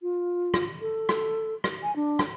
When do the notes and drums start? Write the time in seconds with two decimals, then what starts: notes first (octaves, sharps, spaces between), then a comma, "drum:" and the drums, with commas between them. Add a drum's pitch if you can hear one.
0.02 F4
0.54 drum: rim click
0.81 A4
1.09 drum: rim click
1.64 drum: rim click
1.83 G#5
1.96 D4
2.19 drum: rim click